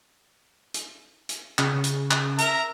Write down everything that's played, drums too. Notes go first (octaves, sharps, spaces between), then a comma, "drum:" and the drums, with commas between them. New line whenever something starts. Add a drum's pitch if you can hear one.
drum: hi-hat
drum: hi-hat
C#3, drum: clap
drum: hi-hat
drum: clap
A#4 E5 A#5, drum: hi-hat